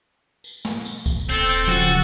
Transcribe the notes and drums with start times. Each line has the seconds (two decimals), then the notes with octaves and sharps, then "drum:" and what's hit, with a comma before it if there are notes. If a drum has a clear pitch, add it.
0.44 drum: tambourine
0.65 drum: snare
0.85 drum: tambourine
1.06 drum: kick C2, tambourine
1.30 D#1 C4 A4 G6
1.47 drum: tambourine
1.67 C#3 F3 F#3 F#4, drum: tambourine
1.88 drum: tambourine